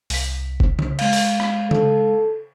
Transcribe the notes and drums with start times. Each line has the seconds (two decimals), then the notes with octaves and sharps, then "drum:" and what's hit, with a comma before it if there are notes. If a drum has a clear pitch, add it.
0.10 C2 B6, drum: open hi-hat
0.60 drum: kick F#1
0.79 drum: tom C#3
0.99 G#3 F5, drum: cymbal
1.13 drum: open hi-hat
1.40 drum: rim click
1.71 A4, drum: tom C#3